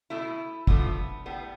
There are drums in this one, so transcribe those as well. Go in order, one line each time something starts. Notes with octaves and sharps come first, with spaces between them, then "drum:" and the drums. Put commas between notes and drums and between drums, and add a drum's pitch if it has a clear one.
B2 A3 E4
D3 F3 A3 B3, drum: kick
A2 G3 B3